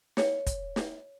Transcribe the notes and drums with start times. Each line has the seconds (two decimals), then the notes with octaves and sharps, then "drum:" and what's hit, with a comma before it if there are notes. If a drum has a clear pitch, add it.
0.17 C#5, drum: snare
0.47 drum: kick, hi-hat
0.76 drum: snare